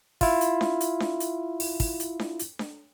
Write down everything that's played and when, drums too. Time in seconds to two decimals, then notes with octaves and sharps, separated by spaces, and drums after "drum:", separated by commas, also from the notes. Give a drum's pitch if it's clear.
0.21 E4 F4, drum: kick, open hi-hat
0.41 drum: hi-hat
0.61 drum: snare D4
0.81 drum: hi-hat
1.00 drum: snare D4
1.20 drum: hi-hat
1.60 drum: open hi-hat
1.80 drum: kick, open hi-hat
2.00 drum: hi-hat
2.19 drum: snare D4
2.39 drum: hi-hat
2.59 drum: snare D4